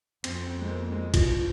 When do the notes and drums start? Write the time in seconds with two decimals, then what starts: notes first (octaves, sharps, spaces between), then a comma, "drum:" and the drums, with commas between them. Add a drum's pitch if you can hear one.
0.24 F2 C4, drum: cymbal
0.47 C4
0.62 G#3
0.69 A#3
0.92 G#3
1.14 G2 F3, drum: kick G#1, cymbal